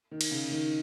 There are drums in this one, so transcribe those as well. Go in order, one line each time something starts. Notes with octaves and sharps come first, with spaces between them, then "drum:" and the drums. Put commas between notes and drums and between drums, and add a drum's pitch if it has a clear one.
D#3
drum: cymbal
C#3
D#3